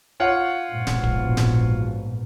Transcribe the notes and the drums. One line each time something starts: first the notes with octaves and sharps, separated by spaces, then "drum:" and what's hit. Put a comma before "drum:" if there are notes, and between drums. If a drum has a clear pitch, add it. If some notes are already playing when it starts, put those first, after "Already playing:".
F4 C#5 F#5
A#1 G#2 B2
drum: snare D1
drum: kick
drum: snare D1